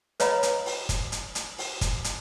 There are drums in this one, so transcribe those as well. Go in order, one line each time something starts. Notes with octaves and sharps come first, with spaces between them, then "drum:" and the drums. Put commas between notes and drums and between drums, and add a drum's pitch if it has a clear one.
B4 C#5 D#5 F5 A#5 B5, drum: hi-hat
drum: hi-hat
drum: open hi-hat
drum: kick, hi-hat
drum: hi-hat
drum: hi-hat
drum: open hi-hat
drum: kick, hi-hat
drum: hi-hat